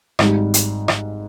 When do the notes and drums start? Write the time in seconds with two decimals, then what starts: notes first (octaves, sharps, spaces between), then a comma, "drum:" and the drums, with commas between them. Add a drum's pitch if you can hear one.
0.19 G#1 G#2 G3, drum: rim click
0.54 drum: hi-hat
0.88 drum: rim click